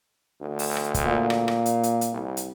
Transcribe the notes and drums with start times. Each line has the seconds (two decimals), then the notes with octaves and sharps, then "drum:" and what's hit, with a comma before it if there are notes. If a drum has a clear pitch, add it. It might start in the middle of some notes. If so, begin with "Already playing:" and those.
0.41 D2
0.59 drum: open hi-hat
0.77 drum: rim click
0.94 drum: kick, hi-hat
1.06 A#2
1.30 drum: rim click
1.48 drum: rim click
1.66 drum: hi-hat
1.83 drum: hi-hat
2.01 drum: hi-hat
2.13 C2
2.37 drum: hi-hat